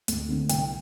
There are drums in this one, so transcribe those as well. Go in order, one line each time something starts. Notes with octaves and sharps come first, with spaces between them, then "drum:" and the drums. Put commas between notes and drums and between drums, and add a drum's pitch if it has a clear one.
D2, drum: hi-hat
D3 A3 C4
C2 G5, drum: hi-hat